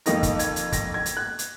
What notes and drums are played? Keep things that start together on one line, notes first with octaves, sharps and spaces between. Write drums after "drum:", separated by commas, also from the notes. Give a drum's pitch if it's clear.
F2 D#3 A#3 D#4 A#6, drum: hi-hat
drum: kick, hi-hat
G#6, drum: hi-hat
drum: hi-hat
A#6, drum: kick, hi-hat
G#6
drum: hi-hat
F#6
drum: hi-hat